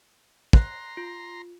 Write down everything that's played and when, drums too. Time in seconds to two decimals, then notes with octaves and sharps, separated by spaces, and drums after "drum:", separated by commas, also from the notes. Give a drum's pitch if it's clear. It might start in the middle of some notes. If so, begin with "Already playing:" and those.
0.53 A#5 C6 F#6, drum: kick
0.97 F4